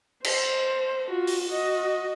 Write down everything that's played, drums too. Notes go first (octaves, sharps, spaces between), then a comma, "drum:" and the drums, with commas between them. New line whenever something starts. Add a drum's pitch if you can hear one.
C5, drum: cymbal
F4 F#4
drum: open hi-hat
F#4 D#5